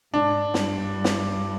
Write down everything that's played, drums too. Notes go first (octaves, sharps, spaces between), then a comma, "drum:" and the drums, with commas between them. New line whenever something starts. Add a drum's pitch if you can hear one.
G#2 D4
G2, drum: snare
drum: snare